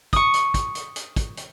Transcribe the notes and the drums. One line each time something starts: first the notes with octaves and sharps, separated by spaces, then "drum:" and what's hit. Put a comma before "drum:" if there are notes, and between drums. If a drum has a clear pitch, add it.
C#6 D#6, drum: kick, hi-hat
drum: hi-hat
drum: kick, hi-hat
drum: hi-hat
drum: hi-hat
drum: kick, hi-hat
drum: hi-hat